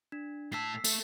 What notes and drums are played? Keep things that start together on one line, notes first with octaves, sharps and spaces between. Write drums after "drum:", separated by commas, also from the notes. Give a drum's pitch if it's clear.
D4
A2 A5 E6 B6 C7
A3 A4, drum: tambourine